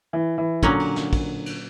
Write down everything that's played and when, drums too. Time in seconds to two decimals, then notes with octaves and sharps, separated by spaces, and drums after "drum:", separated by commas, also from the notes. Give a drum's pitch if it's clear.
0.13 E3
0.38 E3
0.63 A#2 D3 F#3 A#3 C#4, drum: kick
0.79 drum: cymbal
0.96 drum: snare
1.13 drum: kick, cymbal
1.46 drum: cymbal